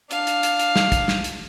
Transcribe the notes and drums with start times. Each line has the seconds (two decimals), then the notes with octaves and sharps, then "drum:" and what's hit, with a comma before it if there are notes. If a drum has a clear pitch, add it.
0.11 D4 F5, drum: hi-hat
0.27 drum: hi-hat
0.43 drum: hi-hat
0.59 drum: hi-hat
0.76 drum: snare
0.92 drum: kick, hi-hat
1.08 drum: snare
1.24 drum: hi-hat